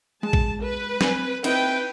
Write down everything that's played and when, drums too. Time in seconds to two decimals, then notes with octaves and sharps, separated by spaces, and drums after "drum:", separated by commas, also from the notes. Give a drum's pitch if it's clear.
0.23 G#3 A5
0.33 drum: kick A1
0.63 B4
1.01 C4 G#5, drum: snare
1.44 C4 D#4 E4 B4 G5, drum: cymbal